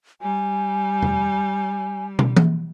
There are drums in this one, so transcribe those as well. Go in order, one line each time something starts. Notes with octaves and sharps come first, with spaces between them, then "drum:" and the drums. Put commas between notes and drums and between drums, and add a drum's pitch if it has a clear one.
G3 G#5
drum: tom
drum: tom
drum: tom E3